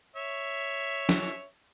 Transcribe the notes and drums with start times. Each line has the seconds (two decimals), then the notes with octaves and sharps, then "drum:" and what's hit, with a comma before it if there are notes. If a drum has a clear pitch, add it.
0.16 C#5 E5
1.09 drum: snare